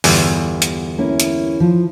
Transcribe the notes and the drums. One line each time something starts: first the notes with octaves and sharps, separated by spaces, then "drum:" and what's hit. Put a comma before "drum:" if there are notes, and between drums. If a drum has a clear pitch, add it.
G1 E2 G#5, drum: open hi-hat
drum: hi-hat
A#3 C#4 E4
drum: hi-hat
F3